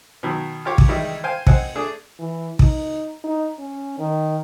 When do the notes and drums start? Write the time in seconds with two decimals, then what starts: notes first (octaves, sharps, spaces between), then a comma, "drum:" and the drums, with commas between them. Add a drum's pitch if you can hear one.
0.23 B2 D#3 F#3
0.65 F4 G4 C#5 D6
0.78 drum: kick
0.88 D#3 E3 G3 G#3 D#4 E4
1.24 C5 F5 G5 G#5
1.47 C4 D#4 F#5 G#5, drum: kick
1.75 A3 D4 G#4
2.19 E3
2.59 D#4, drum: kick
3.24 D#4
3.59 C#4
3.99 D#3